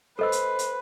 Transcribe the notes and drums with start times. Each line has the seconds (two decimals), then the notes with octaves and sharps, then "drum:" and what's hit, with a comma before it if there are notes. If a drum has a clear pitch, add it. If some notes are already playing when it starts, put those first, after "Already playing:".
0.19 A4 B4 C5 D#5 E6
0.32 drum: hi-hat
0.59 drum: hi-hat